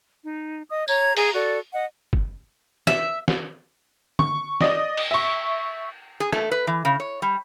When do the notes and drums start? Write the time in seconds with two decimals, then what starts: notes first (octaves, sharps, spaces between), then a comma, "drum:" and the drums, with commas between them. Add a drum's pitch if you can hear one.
0.24 D#4
0.69 D#5 D#6
0.88 C#5 A#5 G#6, drum: tambourine
1.17 G#4 G#5 A#5, drum: open hi-hat
1.34 F#4 A4 D5
1.73 D#5 F#5
2.13 drum: kick G1
2.87 E5, drum: snare
3.28 drum: snare
4.19 C#6, drum: tom D3
4.61 D5 D#5, drum: snare
4.97 drum: cymbal
5.11 E5 C#6
6.20 G#4
6.32 A3, drum: rim click
6.51 B4
6.67 E3
6.85 C#3
7.00 C#5
7.22 G3